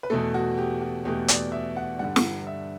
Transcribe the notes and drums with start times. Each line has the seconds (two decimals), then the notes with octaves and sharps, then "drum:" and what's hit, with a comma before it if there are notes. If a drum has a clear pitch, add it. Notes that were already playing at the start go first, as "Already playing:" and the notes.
0.03 B4
0.10 E2 B2 A3 A4
0.34 F#4
0.57 G4
0.81 F#4
1.05 E2 B2 A3 G4
1.28 D5, drum: hi-hat
1.52 E5
1.76 F#5
1.99 G2 D3 G3 F#5
2.16 drum: snare
2.47 E5